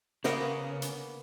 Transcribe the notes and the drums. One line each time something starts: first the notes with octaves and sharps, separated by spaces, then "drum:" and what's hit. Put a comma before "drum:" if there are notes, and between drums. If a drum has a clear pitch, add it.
C#3 A#3 B3 A#4, drum: snare
drum: hi-hat